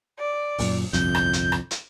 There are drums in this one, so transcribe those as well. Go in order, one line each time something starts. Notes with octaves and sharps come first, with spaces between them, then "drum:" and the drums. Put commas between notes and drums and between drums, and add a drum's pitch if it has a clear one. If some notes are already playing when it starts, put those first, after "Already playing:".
D5
F#2 A#2 D#3, drum: open hi-hat
G1 C2 F2 G6, drum: hi-hat
drum: rim click
drum: hi-hat
drum: rim click
drum: hi-hat